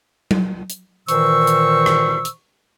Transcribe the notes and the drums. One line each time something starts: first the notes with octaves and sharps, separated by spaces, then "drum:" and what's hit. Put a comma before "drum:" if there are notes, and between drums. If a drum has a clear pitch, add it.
drum: tom F#3
drum: hi-hat
A#2 D#3 E3 C5 C#6 E6, drum: hi-hat
drum: hi-hat
drum: rim click
drum: hi-hat